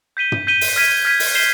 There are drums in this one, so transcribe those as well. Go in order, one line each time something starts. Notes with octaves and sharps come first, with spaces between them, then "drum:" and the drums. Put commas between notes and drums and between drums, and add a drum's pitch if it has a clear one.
G6 B6 D#7 G7
drum: tom
G6 B6 D#7 G7
drum: open hi-hat
F6 G#6 B6 D#7
F6 G#6 B6 D#7
drum: open hi-hat
G6 C7 E7 G7